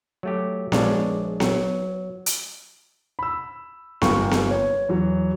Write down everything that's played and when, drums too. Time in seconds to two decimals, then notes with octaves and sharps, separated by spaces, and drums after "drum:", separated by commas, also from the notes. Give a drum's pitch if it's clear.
0.23 F#3 A3 G4
0.72 A#1 G#3 D4 C#5 D5 F5, drum: snare B3
1.40 F#3, drum: snare B3
2.26 drum: hi-hat
3.19 B5 E6
4.02 G1 A#3 G5 C#6, drum: snare B3
4.31 drum: snare B3
4.51 C#5
4.89 E2 F#3